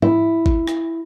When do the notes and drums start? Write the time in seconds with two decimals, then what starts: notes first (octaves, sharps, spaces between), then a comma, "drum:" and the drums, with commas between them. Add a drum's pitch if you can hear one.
0.02 E4, drum: tom G#2
0.46 drum: kick
0.67 drum: rim click